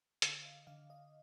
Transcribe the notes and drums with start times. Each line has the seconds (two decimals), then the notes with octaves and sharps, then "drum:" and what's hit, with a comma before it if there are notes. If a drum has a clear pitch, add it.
0.22 D3 F5, drum: hi-hat
0.45 D#5
0.67 D3 F5
0.90 D#5